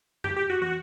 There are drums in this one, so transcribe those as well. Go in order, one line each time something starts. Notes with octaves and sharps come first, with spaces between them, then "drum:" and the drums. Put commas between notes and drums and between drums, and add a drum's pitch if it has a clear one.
G4, drum: tom F2
G4
F#4
F#4, drum: tom